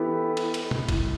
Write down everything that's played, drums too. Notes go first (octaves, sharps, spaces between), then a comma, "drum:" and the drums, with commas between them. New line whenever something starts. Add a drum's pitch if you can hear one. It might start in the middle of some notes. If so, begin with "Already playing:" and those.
Already playing: E3 B3 E4 G4 A4 B4
E4, drum: cymbal
drum: cymbal
drum: tom
drum: kick, cymbal